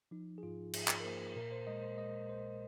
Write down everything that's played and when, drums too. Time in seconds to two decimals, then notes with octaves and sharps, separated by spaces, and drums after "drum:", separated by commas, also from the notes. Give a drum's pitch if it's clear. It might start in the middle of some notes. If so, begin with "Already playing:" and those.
0.11 F3 D#4
0.38 G#4
0.43 G#2 F4
0.73 G#2 G#4, drum: cymbal
0.88 drum: clap
1.00 A#4
1.04 A#3 C5
1.36 A#2 A#4
1.52 C5
1.67 G#3 D#5
1.82 C5
1.98 G#3 D#5
2.29 A#1 C5